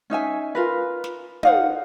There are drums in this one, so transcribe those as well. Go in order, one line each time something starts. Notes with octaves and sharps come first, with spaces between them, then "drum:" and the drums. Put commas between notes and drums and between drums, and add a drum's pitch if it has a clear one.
C#4 D#4 E5 G#5
F4 A#4 B4
drum: snare
D#4 F5 F#5, drum: tom